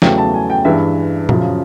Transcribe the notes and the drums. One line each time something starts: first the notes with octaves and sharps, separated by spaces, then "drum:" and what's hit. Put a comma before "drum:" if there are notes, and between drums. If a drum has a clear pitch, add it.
E2 C#3 F#3 A3 G5, drum: snare
A5
G#5
G5
G2 E3 G#3 E5
F#2 C#3 F3, drum: tom A#2